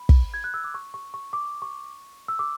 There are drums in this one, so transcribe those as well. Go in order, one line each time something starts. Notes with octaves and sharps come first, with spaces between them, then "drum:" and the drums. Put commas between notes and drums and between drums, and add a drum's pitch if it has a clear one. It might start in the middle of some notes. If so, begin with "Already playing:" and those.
Already playing: B5
drum: kick
G#6
F#6
E6
D6
C#6
C#6
C#6
D6
C#6
E6
D6